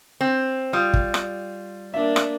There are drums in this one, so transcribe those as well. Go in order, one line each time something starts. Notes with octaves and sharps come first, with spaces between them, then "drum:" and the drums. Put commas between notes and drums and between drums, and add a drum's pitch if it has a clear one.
C4
G3 F4 D#6
drum: kick
drum: rim click
A#3 D4 E5
drum: rim click